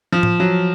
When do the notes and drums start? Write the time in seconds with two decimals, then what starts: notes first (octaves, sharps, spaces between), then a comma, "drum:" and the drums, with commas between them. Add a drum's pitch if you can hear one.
0.12 F3
0.23 drum: tom A2
0.40 F#3